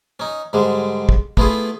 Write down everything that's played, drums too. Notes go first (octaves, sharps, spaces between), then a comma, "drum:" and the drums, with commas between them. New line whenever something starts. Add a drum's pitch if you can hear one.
C#4 D#4
G#2 D3 G3 G#3
drum: kick
A3 B3 E4 F4 G#4, drum: kick